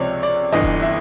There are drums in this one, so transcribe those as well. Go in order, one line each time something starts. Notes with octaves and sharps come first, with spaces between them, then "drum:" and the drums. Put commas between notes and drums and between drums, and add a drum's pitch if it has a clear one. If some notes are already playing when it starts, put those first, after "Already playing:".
Already playing: C#2 C3 F3 C#5 D5
D5, drum: hi-hat
G1 G2 E3 D#5
drum: kick E1
E5